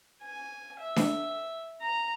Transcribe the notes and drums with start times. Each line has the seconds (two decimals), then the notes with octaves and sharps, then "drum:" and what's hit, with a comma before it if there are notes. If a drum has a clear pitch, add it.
0.22 G#5
0.80 E5
0.96 drum: snare D4
1.81 A#5